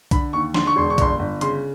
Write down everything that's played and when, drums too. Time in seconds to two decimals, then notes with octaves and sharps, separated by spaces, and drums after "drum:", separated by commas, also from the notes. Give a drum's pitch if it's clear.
0.11 D3 B5, drum: kick B1, hi-hat
0.33 D#2 C#6
0.54 D3 C6, drum: snare
0.67 C#6
0.76 E1 C6
0.90 C#6
0.98 G1 C6, drum: kick B1, hi-hat
1.19 G1
1.41 C#3 C6, drum: hi-hat